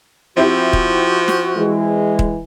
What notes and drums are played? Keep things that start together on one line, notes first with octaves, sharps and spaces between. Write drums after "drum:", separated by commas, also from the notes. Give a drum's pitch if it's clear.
F3 C4 E4 F#4 G4
drum: kick
drum: snare
E3 G#3
drum: kick